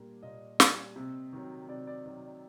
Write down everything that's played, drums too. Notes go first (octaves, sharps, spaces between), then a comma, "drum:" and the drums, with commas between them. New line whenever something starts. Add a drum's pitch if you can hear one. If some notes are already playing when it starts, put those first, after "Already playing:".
Already playing: A#2 G3 D4 A#4
A#2 D#5
G3, drum: snare
C3
D#3 F#3
C3 D5
D5
D#3 F#3 D5
D5